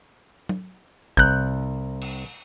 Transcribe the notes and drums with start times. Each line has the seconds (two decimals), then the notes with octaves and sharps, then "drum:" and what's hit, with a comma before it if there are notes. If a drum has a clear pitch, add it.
0.49 drum: tom
1.17 C2 F#6 G6, drum: kick
2.01 drum: cymbal